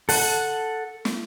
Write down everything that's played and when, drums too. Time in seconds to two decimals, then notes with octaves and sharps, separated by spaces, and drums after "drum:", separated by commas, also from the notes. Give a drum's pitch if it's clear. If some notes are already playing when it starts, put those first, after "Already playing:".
0.09 A4 F#5, drum: open hi-hat
1.05 drum: snare